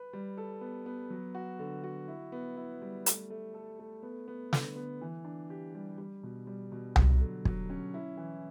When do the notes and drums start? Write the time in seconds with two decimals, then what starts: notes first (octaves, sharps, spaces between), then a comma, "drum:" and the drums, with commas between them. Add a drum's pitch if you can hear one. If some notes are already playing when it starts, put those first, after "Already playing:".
Already playing: B4
0.13 G3
0.37 A4
0.61 B3
0.86 B3
1.10 F#3
1.35 F#4
1.59 D3
1.84 F#4
2.08 E4
2.32 B3
2.57 E4
2.82 G3
3.06 A3, drum: hi-hat
3.30 A3
3.54 A4
3.79 A3
4.03 B3
4.28 B3
4.53 D3, drum: snare
4.76 B3
5.01 E3
5.25 D4
5.50 G4
5.75 G3
5.98 G3
6.23 B2
6.47 G3
6.72 B2
6.96 F#3, drum: tom C2
7.21 D3
7.45 F#3, drum: kick
7.70 C#4
7.94 E4
8.17 E3